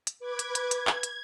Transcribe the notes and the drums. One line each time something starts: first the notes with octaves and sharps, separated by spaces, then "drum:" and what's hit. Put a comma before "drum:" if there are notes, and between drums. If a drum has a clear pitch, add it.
drum: hi-hat
B4 D6 G#6
drum: hi-hat
drum: hi-hat
G#6, drum: hi-hat
drum: clap
drum: hi-hat